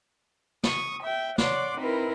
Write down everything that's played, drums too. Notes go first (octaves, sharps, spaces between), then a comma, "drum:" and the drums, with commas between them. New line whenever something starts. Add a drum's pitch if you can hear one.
C#6 D#6, drum: snare
E5 G5
C#5 D5 F#5 C6 D6, drum: snare
C4 D#4 E4 A#4 B4